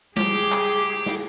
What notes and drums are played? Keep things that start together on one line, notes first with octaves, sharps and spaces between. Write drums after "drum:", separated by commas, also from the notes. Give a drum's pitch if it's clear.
G4 G#4 D6, drum: tom G3
drum: clap
drum: snare